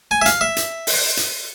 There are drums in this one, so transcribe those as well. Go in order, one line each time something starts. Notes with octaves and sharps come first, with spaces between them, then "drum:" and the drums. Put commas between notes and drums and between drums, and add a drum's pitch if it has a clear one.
G#5
E5
F5, drum: hi-hat
E5
drum: hi-hat
drum: open hi-hat
drum: hi-hat